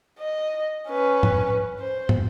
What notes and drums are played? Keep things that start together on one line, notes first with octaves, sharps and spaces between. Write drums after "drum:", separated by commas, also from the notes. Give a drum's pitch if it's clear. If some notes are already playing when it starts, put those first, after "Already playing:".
D#5
C#4 B4
drum: tom
C5
drum: tom